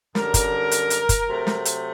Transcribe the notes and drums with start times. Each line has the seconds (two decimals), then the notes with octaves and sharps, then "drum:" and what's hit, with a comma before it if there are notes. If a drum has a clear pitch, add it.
0.15 F#2 D3 G3 A#4, drum: snare
0.34 drum: kick, hi-hat
0.71 drum: hi-hat
0.90 drum: hi-hat
1.09 drum: kick, hi-hat
1.28 C3 F#3 A3
1.47 drum: snare
1.65 drum: hi-hat